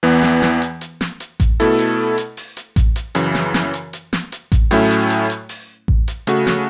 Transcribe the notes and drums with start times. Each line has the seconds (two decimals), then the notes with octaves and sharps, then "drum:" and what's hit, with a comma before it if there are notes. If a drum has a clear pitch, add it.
0.03 E2 E3 B3
0.23 drum: snare
0.42 drum: snare
0.62 drum: hi-hat
0.81 drum: hi-hat
1.01 drum: snare
1.20 drum: hi-hat
1.40 drum: kick A1, hi-hat
1.60 B2 A3 E4 A4, drum: hi-hat
1.79 drum: hi-hat
2.18 drum: hi-hat
2.37 drum: open hi-hat
2.57 drum: hi-hat
2.76 drum: kick A1, hi-hat
2.96 drum: hi-hat
3.15 F#2 C#3 E3, drum: hi-hat
3.35 drum: snare
3.54 drum: snare
3.74 drum: hi-hat
3.93 drum: hi-hat
4.13 drum: snare
4.32 drum: hi-hat
4.52 drum: kick A1, hi-hat
4.71 A2 F#3 A3 C#4 E4, drum: hi-hat
4.91 drum: hi-hat
5.10 drum: hi-hat
5.30 drum: hi-hat
5.49 drum: open hi-hat
5.88 drum: kick A1
6.08 drum: hi-hat
6.27 C#3 A3 F#4, drum: hi-hat
6.47 drum: snare